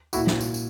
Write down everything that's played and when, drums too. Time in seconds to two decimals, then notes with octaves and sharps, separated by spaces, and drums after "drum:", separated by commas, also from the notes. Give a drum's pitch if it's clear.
0.13 A#2 E4 F#4, drum: tambourine
0.27 drum: snare
0.41 drum: tambourine
0.54 drum: tambourine